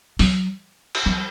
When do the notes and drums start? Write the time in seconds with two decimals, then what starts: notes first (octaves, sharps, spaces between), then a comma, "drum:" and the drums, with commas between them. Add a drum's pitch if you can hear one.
0.19 F#3, drum: open hi-hat
0.95 drum: cymbal
1.06 F#3